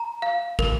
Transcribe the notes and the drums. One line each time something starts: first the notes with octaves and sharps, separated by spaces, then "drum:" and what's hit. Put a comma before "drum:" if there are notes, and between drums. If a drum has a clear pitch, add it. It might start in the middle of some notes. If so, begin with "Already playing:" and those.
Already playing: A#5
F5
A#4, drum: kick